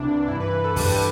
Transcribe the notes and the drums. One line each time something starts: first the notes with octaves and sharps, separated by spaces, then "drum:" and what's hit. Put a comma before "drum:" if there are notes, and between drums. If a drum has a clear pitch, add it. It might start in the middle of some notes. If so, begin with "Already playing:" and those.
Already playing: C2 C3 E3 D4
G2 E3 E4
B4
B4
A4
G4, drum: kick, open hi-hat